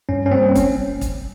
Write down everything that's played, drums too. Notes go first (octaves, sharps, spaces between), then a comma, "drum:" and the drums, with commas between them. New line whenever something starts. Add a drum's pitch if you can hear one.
G2 C#4
C#4
G3 A#3 C4
C#4, drum: kick, hi-hat
drum: kick, hi-hat